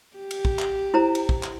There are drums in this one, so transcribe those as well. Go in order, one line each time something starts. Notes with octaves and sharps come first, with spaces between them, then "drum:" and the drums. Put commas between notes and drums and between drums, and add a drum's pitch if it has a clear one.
G4
drum: cymbal
drum: kick
drum: clap
E4 C5 A#5
drum: cymbal
drum: kick
drum: clap